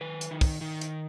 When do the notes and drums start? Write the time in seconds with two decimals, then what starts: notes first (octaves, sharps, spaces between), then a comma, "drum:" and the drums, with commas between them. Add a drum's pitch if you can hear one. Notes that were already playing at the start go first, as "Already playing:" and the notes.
0.01 D#3 B4
0.21 drum: hi-hat
0.31 D#3
0.41 drum: kick, open hi-hat
0.61 D#3
0.81 drum: hi-hat